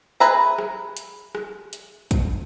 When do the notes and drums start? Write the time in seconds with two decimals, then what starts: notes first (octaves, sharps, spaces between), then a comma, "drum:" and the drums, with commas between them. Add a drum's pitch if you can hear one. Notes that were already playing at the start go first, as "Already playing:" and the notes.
0.20 G#4 B4 E5 A#5
0.58 drum: rim click
0.97 drum: hi-hat
1.35 drum: rim click
1.73 drum: hi-hat
2.11 drum: kick, hi-hat